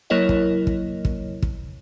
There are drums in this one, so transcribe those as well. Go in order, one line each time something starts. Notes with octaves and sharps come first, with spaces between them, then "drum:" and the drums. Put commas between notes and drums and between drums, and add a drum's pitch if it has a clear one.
F#3 A#3 E4 A#4 C#5 D#5
drum: kick
drum: kick
drum: kick
drum: kick